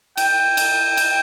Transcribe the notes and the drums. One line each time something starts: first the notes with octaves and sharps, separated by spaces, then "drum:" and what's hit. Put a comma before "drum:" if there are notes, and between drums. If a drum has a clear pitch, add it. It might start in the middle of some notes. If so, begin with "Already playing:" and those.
G5, drum: cymbal
drum: cymbal
drum: cymbal